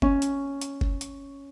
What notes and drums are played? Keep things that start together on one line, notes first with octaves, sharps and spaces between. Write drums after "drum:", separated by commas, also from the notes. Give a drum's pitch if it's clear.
C#4, drum: kick F#1
drum: hi-hat
drum: hi-hat
drum: kick F#1
drum: hi-hat